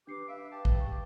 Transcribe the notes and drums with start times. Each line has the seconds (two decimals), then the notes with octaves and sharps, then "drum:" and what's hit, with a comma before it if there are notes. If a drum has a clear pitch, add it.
0.07 D4 G4 B4 D6 C7 C#7
0.28 B4 E5 F5 D7
0.52 G4 A5
0.65 drum: kick
0.80 C#6